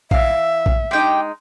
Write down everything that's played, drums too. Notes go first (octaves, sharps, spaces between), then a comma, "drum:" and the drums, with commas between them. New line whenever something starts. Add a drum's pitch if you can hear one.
E3 E5 F5, drum: kick A#1
drum: kick A#1
G#3 D#4 G4 G5